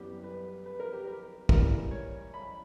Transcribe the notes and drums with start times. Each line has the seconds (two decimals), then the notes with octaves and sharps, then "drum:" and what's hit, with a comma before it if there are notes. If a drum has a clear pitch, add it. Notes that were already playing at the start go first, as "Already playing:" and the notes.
Already playing: F#2 E3 G3 B3 G4
0.24 B4
0.66 B4
0.80 A#4
0.93 G4
1.07 A#4
1.49 C#3 E3 G3 A#4, drum: kick
1.91 C#5
2.34 B5